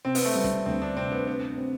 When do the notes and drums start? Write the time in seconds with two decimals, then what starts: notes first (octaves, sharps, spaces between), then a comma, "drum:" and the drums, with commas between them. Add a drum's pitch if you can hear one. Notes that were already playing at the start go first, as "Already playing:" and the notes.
0.05 C3 C4
0.15 B3, drum: open hi-hat
0.25 A3
0.34 G3 B3
0.44 drum: snare
0.66 D2 C4
0.82 D4
0.97 C3 C4
1.12 B3
1.27 B3 C4
1.58 C4